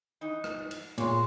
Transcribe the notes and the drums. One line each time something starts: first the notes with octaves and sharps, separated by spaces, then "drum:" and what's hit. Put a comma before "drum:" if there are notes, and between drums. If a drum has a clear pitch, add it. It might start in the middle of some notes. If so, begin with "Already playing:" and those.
E3 D#4
drum: rim click
drum: cymbal
A#2 G#3 C#5, drum: cymbal